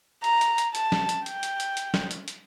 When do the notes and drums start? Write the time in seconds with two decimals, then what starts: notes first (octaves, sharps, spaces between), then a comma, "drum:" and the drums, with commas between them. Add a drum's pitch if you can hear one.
0.24 A#5, drum: hi-hat
0.41 drum: hi-hat
0.58 drum: hi-hat
0.75 A5, drum: hi-hat
0.92 drum: snare
1.09 drum: hi-hat
1.26 G5, drum: hi-hat
1.43 drum: hi-hat
1.60 drum: hi-hat
1.77 drum: hi-hat
1.94 drum: snare
2.11 drum: hi-hat
2.28 drum: hi-hat